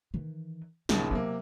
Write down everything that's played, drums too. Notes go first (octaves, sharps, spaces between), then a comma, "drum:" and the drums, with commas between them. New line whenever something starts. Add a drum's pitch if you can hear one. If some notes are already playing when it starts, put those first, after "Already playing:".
D#3 E3
A#1 D#2 C#3 F3, drum: snare
C3 F#3 A#3 C4